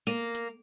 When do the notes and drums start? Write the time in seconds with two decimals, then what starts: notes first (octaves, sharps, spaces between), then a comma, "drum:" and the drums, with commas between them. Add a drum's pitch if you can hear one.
0.07 A#3
0.35 drum: hi-hat